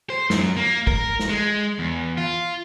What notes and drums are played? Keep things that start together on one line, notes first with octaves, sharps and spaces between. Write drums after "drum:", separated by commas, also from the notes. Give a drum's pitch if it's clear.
C5
F#2, drum: snare
A#3
A#4, drum: kick
drum: snare
G#3
E2
F4